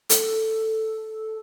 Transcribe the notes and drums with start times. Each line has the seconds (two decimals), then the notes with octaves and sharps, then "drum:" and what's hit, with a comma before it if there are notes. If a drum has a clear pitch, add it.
0.09 A4, drum: hi-hat